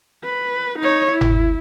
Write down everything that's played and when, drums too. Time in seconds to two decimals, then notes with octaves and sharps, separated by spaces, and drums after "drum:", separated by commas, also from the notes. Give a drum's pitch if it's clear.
0.24 B4
0.79 D#4 C#5
1.11 E4
1.21 drum: tom G1